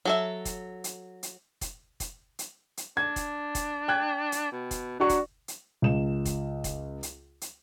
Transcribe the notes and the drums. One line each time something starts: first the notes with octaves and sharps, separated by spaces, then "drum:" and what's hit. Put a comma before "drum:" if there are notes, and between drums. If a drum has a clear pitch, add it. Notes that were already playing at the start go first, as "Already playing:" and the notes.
F#3 A4 E5
drum: kick F1, hi-hat
drum: hi-hat
drum: hi-hat
drum: kick F1, hi-hat
drum: kick F1, hi-hat
drum: hi-hat
drum: hi-hat
D4 G#6
drum: kick F1, hi-hat
drum: kick F1, hi-hat
G5 F#6 G#6
drum: hi-hat
B2
drum: kick F1, hi-hat
F#3 D4 F#4 C#6
drum: kick F1, hi-hat
drum: hi-hat
C#2 E7
drum: kick F1, hi-hat
drum: kick F1, hi-hat
drum: hi-hat
drum: hi-hat